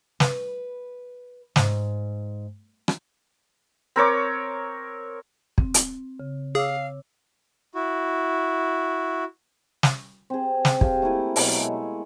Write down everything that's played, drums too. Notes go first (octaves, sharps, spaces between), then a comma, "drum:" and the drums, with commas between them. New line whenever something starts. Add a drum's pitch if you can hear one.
B4, drum: snare
G#2, drum: snare
drum: rim click
C4 A#4 C#5 D6
C4, drum: kick
drum: hi-hat
C#3
G#4 C#5 F5 D6 E6
E4 F#4
drum: snare
C4 G#4
drum: snare
G4 G#4 F5 A5, drum: kick
A3 A#3 E4 G#5
B2 F#3, drum: open hi-hat
G#3 A3